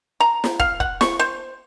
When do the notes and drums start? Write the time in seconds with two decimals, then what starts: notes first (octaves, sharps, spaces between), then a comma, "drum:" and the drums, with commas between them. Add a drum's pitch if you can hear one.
0.20 A#5
0.44 drum: snare
0.60 F5, drum: kick
0.80 F#5, drum: kick
1.01 C#6, drum: snare
1.19 C5